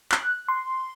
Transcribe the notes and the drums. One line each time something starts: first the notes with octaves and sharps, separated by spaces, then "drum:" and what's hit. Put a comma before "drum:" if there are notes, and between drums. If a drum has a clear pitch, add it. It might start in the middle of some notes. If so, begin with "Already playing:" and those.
F#6, drum: clap
C6